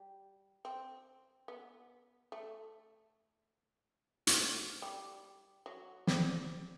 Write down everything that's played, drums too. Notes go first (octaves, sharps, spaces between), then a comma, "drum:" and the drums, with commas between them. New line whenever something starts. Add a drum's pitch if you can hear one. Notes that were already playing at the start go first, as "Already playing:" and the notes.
Already playing: G3
C4
B3
A3
drum: hi-hat
G3
F#3
G3, drum: snare